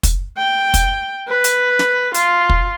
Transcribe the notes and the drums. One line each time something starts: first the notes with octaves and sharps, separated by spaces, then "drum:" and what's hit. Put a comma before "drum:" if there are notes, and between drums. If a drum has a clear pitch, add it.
drum: kick, hi-hat
G5
drum: kick, hi-hat
B4
drum: hi-hat
drum: snare
F4, drum: hi-hat
drum: kick